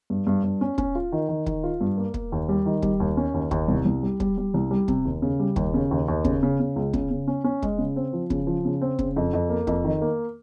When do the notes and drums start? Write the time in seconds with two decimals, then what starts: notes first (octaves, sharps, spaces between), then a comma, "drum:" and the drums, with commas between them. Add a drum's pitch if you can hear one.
0.10 G2
0.27 G2
0.43 G2
0.61 C#4
0.78 C#4, drum: kick
0.95 F4
1.12 D#3
1.29 D#3
1.46 D#3, drum: kick
1.64 F4
1.81 G2
1.97 A#3
2.14 A#3, drum: kick
2.32 D#2
2.49 G3
2.66 D#3
2.82 G3, drum: kick
3.00 D#2
3.17 C#4
3.34 D#2
3.51 D#2, drum: kick
3.68 C2
3.85 C2
4.03 G3
4.20 G3, drum: kick
4.38 G3
4.54 C2
4.71 G3
4.88 C3, drum: kick
5.05 D#2
5.22 C#3
5.39 G3
5.56 D#2, drum: kick
5.74 C#3
5.91 D#2
6.08 D#2
6.25 C#3, drum: kick
6.43 C#3
6.60 C#3
6.76 C#2
6.93 C#3, drum: kick
7.11 C#3
7.28 C#4
7.44 C#4
7.62 G#3, drum: kick
7.78 C#3
7.96 C4
8.13 F3
8.30 C#3, drum: kick
8.47 F3
8.65 C#3
8.82 C4
8.99 C#3, drum: kick
9.16 F2
9.33 F2
9.50 A#3
9.67 F2, drum: kick
9.84 D#3
10.02 A#3